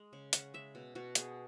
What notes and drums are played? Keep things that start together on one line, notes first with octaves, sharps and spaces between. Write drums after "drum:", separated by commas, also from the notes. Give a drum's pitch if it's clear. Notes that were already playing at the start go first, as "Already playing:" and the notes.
Already playing: G#3
C#3
C#4 F#5, drum: hi-hat
G#3 E5
B2
B2 F#4
B3 G#4, drum: hi-hat